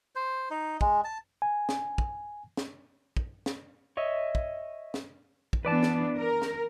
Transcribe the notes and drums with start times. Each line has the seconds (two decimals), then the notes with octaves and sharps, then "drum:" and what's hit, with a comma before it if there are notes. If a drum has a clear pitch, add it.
0.15 C5
0.50 D#4
0.81 G#3, drum: kick
1.04 A5
1.42 G#5
1.69 drum: snare
1.98 drum: kick
2.57 drum: snare
3.17 drum: kick
3.46 drum: snare
3.97 C#5 D#5 E5
4.35 drum: kick
4.94 drum: snare
5.53 drum: kick
5.65 E3 B3 D4 B4 D5 A5
5.83 drum: snare
6.17 A#4
6.42 drum: snare